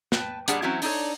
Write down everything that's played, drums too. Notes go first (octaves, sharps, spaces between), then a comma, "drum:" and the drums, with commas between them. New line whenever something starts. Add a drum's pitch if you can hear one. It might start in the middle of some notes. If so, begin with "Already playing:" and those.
B4 G5 A5, drum: snare
A#2 G3 D4 G#4 D5 F#5, drum: hi-hat
E3 F#3 C4 C#4 E4 F#4
D4 D#4 G4 A4 C#5, drum: open hi-hat